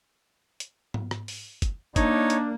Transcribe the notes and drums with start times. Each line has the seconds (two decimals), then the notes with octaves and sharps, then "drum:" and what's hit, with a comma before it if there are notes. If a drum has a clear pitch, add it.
0.60 drum: hi-hat
0.94 drum: tom G#2
1.11 drum: rim click
1.28 drum: open hi-hat
1.62 drum: kick, hi-hat
1.96 A#3 D4 D#4 C#5, drum: kick, hi-hat
2.30 drum: hi-hat